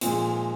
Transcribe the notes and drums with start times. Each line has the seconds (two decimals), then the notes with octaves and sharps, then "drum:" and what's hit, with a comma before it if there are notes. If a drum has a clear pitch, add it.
0.01 A#2 F3 G#3, drum: hi-hat